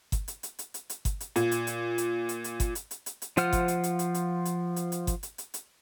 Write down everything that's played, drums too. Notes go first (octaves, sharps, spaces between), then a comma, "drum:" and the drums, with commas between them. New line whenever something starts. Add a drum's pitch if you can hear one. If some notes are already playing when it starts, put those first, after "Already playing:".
drum: kick G1, hi-hat
drum: hi-hat
drum: hi-hat
drum: hi-hat
drum: hi-hat
drum: hi-hat
drum: kick G1, hi-hat
drum: hi-hat
A#2, drum: hi-hat
drum: hi-hat
drum: hi-hat
drum: hi-hat
drum: hi-hat
drum: hi-hat
drum: kick G1, hi-hat
drum: hi-hat
drum: hi-hat
drum: hi-hat
drum: hi-hat
F3 F4 C5 F#5 F6, drum: hi-hat
drum: kick G1, hi-hat
drum: hi-hat
drum: hi-hat
drum: hi-hat
drum: hi-hat
drum: hi-hat
drum: hi-hat
drum: hi-hat
drum: kick G1, hi-hat
drum: hi-hat
drum: hi-hat
drum: hi-hat